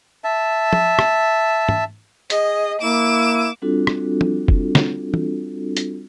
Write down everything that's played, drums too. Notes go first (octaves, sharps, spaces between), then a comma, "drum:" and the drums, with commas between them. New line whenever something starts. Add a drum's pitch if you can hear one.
E5 A5
drum: tom
drum: rim click
drum: tom
G#4 D#5, drum: hi-hat
A#3 E4 D6 E7
G3 C4 D4 F4 F#4 A4
drum: rim click
drum: tom
drum: kick F1
drum: snare
drum: tom
drum: hi-hat